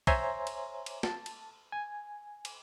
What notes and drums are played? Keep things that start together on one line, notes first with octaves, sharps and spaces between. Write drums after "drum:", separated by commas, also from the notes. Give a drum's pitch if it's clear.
C5 C#5 E5 G#5 A#5 C6, drum: kick, cymbal
drum: cymbal
drum: cymbal
A5, drum: snare
drum: cymbal
G#5
drum: cymbal